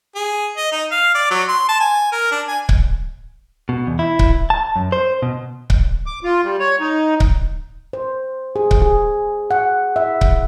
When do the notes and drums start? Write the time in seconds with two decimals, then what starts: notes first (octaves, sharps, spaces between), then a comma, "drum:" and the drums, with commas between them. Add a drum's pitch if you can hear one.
0.15 G#4
0.57 D#5
0.72 D#4
0.91 F5
1.15 D5
1.31 F#3
1.49 C6
1.69 A5
1.80 G#5
2.12 A#4
2.32 D4
2.48 G#5
2.69 drum: kick C#1
3.69 B2
3.87 E2
3.99 E4
4.19 drum: kick C#1
4.50 A5
4.76 F#2
4.92 C5
5.22 B2
5.70 drum: kick C#1
6.06 D6
6.24 F4
6.44 G3
6.59 C#5
6.80 D#4
7.20 drum: kick C#1
7.93 C5
8.56 G#4
8.71 drum: kick C#1
8.82 G#4
9.51 F#5
9.96 E5
10.21 drum: kick C#1